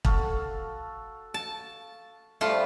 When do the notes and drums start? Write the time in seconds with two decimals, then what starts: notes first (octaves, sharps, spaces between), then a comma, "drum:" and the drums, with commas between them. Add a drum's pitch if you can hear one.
0.05 F#4 A4 F5, drum: kick
1.34 A5
2.41 G2 F3 G3 A3 F4